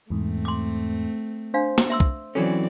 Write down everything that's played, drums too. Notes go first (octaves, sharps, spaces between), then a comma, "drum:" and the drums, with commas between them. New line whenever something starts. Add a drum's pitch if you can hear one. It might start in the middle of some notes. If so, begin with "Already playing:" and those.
E2 G#2 A3 C4
C6 D6
D4 C5 F5
drum: snare
E5 C6 E6
drum: kick
E3 F#3 C4 C#4 A4 D5